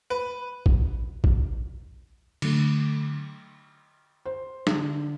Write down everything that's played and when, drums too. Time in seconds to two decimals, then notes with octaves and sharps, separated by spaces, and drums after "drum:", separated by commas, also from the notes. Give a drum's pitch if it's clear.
0.10 B4
0.66 drum: kick
1.24 drum: kick
2.42 D3 F#3 A3, drum: cymbal
4.25 C5
4.67 D3, drum: snare